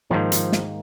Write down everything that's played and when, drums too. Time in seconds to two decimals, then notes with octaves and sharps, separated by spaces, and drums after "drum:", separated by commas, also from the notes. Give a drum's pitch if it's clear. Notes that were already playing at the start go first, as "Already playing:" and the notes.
0.11 G#2 D#3 F3 A#3
0.32 drum: hi-hat
0.52 drum: snare